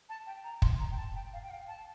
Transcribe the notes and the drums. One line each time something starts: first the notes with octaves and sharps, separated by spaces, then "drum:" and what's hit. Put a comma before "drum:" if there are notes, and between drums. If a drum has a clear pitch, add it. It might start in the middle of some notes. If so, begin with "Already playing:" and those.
A5
G5
A#5
C6, drum: kick
A#5
G5
A5
G5
F5
G5
F5
A5